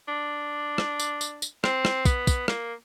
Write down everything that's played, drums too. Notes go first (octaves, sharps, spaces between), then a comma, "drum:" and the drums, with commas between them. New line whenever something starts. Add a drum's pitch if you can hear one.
D4
drum: rim click
drum: tambourine
drum: tambourine
drum: tambourine
C4, drum: rim click
drum: rim click
B3, drum: kick, tambourine
drum: kick, tambourine
A#3, drum: rim click